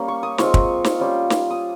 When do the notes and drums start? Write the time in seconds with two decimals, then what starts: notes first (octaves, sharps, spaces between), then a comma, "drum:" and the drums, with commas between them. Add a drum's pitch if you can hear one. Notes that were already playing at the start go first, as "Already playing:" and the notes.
Already playing: G3 A#3 C#4
0.08 C#6
0.23 D#6
0.38 G#3 C4 F4 C#6, drum: snare
0.54 drum: kick
0.84 drum: snare
0.99 G3 C#4 F4
1.30 drum: snare
1.50 D#6